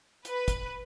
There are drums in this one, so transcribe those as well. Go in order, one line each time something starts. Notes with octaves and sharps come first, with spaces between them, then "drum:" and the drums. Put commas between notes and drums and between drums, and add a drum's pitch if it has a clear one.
B4, drum: hi-hat
drum: kick, hi-hat